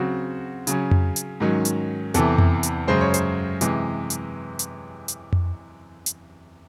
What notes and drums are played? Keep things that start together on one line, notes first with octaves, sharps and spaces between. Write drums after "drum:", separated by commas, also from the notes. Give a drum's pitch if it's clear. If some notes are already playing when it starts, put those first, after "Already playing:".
Already playing: C#3 F#3 C4 F#4
C#3 F#3 C#4, drum: hi-hat
drum: tom F2
drum: hi-hat
G#2 D#3 F#3 C#4
drum: hi-hat
E2 C3 E3 A4, drum: hi-hat
drum: tom F2
drum: hi-hat
F#2 C#3 G#3 C5
C#5
C5, drum: hi-hat
C3 E3 G#3, drum: hi-hat
drum: hi-hat
drum: hi-hat
drum: hi-hat
drum: tom F2
drum: hi-hat